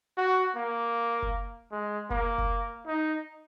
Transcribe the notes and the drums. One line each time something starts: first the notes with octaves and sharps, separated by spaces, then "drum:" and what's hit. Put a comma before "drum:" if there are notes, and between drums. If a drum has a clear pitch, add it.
F#4
A#3
drum: kick F1
G#3
A#3, drum: kick F1
drum: kick F1
D#4